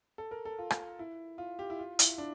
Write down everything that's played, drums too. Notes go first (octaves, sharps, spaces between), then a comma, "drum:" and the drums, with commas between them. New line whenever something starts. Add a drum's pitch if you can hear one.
A4
A#4
A4
F4
drum: rim click
E4
F4
G4
E4
F4
E4, drum: hi-hat
D4